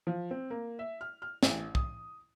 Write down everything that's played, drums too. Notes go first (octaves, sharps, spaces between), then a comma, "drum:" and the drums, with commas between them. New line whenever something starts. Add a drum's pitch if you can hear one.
F3
C4
A#3
E5
F6
F6
A1, drum: snare
D#6, drum: kick